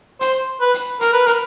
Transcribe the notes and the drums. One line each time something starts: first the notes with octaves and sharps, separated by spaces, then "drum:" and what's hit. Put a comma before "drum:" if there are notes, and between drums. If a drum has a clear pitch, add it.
C5, drum: hi-hat
B4
drum: hi-hat
A#4, drum: hi-hat
B4
A#4, drum: hi-hat